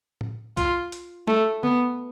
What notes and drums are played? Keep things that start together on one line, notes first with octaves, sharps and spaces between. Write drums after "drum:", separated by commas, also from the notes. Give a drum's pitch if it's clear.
drum: tom A2
F4, drum: kick C2, hi-hat
drum: hi-hat
A3, drum: snare
B3, drum: tom D3